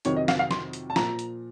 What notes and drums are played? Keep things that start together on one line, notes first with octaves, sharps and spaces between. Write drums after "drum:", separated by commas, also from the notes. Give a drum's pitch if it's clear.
F2 C3 D#3 F#3 C#5, drum: hi-hat
D#5
F5, drum: snare
F5
C6, drum: snare
drum: hi-hat
A5
A#2 F3 A#5, drum: snare
drum: hi-hat